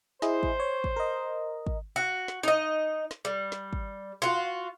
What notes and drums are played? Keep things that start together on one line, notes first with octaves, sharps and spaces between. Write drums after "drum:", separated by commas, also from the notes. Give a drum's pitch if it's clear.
E4 G#4 C5 D#5, drum: snare
drum: kick
C#5
drum: kick
A#4 D#5
drum: kick
F#4
drum: snare
D#4 D#5
drum: snare
G3
drum: snare
drum: kick
F4 F#4